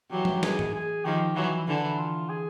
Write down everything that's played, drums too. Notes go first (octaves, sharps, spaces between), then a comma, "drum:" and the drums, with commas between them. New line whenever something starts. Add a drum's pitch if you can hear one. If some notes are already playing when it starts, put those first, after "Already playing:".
E3 F#3 G4
drum: tom
G#4, drum: snare
drum: tom
G#4
D#3 F3 G4
E3 F#3 F#4
E4
D3 E3 E4
F4
G#4